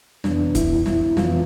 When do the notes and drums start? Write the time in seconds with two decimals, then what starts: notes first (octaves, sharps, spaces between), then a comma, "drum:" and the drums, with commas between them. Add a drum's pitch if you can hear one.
0.24 F2 C3 E3 B3 D4, drum: snare
0.55 E4, drum: kick F1, hi-hat
0.86 E4, drum: snare
1.17 F2 C3 E3 B3 F4, drum: snare